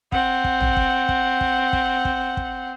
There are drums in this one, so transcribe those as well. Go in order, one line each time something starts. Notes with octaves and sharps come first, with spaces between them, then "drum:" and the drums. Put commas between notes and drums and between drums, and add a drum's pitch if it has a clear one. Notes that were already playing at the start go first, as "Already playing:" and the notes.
C4 F#5, drum: kick
drum: kick
drum: tom
drum: kick
drum: kick
drum: kick
drum: kick
drum: kick
drum: kick